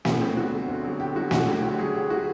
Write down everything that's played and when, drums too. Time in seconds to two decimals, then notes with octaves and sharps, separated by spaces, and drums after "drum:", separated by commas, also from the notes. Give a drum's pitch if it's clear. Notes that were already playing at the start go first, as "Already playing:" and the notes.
0.05 D2 B3, drum: snare
0.20 D3 F#3 C4
0.36 D2 F#4
0.53 D3 F#3
0.68 D2
0.85 D3 F#3
1.00 D2 G4
1.15 D3 F#3 F#4
1.31 D2 F#4, drum: snare
1.47 D3 F#3 G4
1.63 D2 G4
1.79 D3 F#3 G#4
1.94 D2 G4
2.10 D3 F#3 F#4